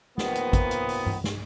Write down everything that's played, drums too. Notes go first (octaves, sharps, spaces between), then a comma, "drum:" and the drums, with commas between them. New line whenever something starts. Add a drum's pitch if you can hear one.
D#3 F3 A#3 B3, drum: snare
drum: hi-hat
drum: kick, hi-hat
drum: hi-hat
drum: open hi-hat
drum: tom G2
drum: snare